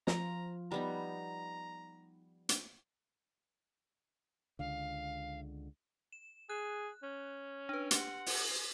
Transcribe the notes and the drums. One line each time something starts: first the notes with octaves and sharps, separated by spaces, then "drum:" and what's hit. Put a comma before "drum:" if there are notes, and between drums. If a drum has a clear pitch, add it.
F3 F4 A#5, drum: snare
G3 B3 D#4 A#5
drum: hi-hat
C#2 D3 F5
E7
G#4 F#6
C#4
D4 B4
G4 F#5 C6, drum: hi-hat
drum: open hi-hat